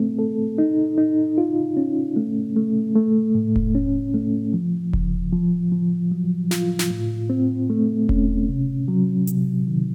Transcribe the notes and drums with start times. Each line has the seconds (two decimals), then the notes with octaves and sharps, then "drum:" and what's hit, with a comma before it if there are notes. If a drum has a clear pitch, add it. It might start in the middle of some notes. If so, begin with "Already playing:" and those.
Already playing: A3 C4
0.19 A4
0.58 D#4
0.98 D#4
1.38 F4
1.77 C#4
2.16 A3
2.56 A3
2.96 A3
3.35 A2
3.56 drum: kick E1
3.75 C#4
4.14 A3
4.53 F3
4.93 C#3, drum: kick E1
5.32 F3
5.72 F3
6.12 F#3
6.51 F4, drum: snare
6.79 drum: snare
6.90 A2
7.30 C4
7.70 A3
8.09 C#4, drum: kick E1
8.49 C3
8.88 F#3
9.27 C3, drum: hi-hat
9.67 D#3